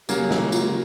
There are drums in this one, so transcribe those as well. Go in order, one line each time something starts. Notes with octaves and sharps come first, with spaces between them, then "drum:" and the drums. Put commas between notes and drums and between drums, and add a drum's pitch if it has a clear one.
C#3 F#3 A#3 G4, drum: tambourine
drum: snare
F4, drum: tambourine
F#4